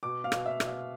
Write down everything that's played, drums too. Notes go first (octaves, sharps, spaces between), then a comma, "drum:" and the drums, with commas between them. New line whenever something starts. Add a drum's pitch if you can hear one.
B2 D6
F5
B2, drum: rim click
E5
B2, drum: rim click
E5